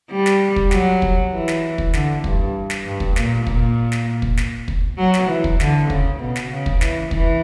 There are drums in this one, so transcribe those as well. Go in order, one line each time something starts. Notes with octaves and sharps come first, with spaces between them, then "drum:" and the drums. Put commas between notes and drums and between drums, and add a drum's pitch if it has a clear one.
G3
drum: snare
drum: kick
F#3, drum: snare
drum: kick
E3
drum: snare
drum: kick
D3, drum: snare
G2, drum: kick
drum: snare
G2
drum: kick
A#2, drum: snare
A#2, drum: kick
drum: snare
drum: kick
drum: snare
drum: kick
F#3
drum: snare
E3
drum: kick
D3, drum: snare
C#3, drum: kick
B2
drum: snare
C#3
drum: kick
E3, drum: snare
E3, drum: kick